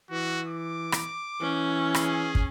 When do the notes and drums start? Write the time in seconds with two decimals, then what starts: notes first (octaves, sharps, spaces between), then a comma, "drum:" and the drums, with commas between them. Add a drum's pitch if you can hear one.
0.11 E3 F#4
0.48 D6
0.92 drum: rim click
1.41 E3 C#4
1.94 G#4, drum: rim click
2.35 drum: kick